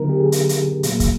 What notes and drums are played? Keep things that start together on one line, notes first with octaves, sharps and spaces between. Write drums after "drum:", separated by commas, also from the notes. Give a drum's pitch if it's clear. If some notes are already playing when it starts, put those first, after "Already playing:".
Already playing: D3 F#3 B3 D#4 A#4
G4
G#4
drum: hi-hat
drum: hi-hat
A#2 F#3 A#3, drum: hi-hat
drum: kick, hi-hat